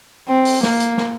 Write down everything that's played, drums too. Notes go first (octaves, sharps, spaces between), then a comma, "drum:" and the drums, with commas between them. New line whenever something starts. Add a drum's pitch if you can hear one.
C4
drum: open hi-hat
A#3, drum: snare
drum: hi-hat
drum: snare